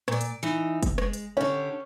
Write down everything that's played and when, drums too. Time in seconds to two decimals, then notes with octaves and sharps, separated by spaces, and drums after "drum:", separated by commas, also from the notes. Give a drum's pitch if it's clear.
0.08 A#2 D5, drum: rim click
0.21 drum: hi-hat
0.43 E3 D#4
0.83 drum: kick, hi-hat
0.98 G#3, drum: rim click
1.13 drum: hi-hat
1.37 D3 C#4 G4